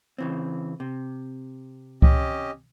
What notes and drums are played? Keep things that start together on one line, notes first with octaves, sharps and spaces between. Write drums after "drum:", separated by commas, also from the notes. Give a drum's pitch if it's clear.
C#3 E3 C4
C3
C#4 G4 D#5, drum: kick C#2